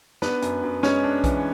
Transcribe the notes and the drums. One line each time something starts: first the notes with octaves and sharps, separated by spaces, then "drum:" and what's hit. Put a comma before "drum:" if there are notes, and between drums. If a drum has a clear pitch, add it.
B3 D4 B4, drum: snare
F#2, drum: hi-hat
F#2
G#3 C#4 C#5, drum: snare
D4
E3, drum: kick B1, hi-hat